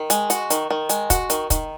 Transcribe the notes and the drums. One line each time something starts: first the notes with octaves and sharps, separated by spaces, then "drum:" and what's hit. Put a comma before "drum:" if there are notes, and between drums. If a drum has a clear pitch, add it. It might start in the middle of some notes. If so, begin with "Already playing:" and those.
Already playing: D#3
G#3, drum: hi-hat
F#4, drum: hi-hat
D#3, drum: hi-hat
D#3
G#3, drum: hi-hat
F#4, drum: kick, hi-hat
D#3, drum: hi-hat
D#3, drum: kick, hi-hat